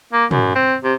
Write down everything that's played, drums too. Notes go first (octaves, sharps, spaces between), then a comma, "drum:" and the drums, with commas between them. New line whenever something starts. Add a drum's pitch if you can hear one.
A#3
F#2, drum: tom
C4
C3